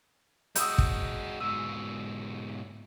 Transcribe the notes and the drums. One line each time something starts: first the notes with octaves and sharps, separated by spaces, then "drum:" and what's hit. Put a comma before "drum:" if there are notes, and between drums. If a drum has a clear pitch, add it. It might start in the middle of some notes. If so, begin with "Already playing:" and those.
G#3 F#4 D#6 E6 G6, drum: hi-hat
drum: kick
G#2 B2 E6